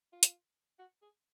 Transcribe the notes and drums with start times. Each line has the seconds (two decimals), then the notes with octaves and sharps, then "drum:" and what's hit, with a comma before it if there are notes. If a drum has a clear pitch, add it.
0.13 F4
0.23 drum: hi-hat
0.79 F#4
1.02 G#4